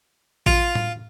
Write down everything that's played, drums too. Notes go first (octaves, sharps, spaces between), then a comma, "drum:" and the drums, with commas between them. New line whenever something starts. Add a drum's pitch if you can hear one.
F4, drum: kick A1
drum: tom A2